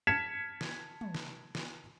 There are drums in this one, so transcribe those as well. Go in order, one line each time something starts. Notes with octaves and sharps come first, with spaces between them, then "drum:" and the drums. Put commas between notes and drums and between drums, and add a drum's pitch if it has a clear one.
A5 F6 G#6 B6 C#7 E7
drum: snare
drum: tom
drum: snare
drum: snare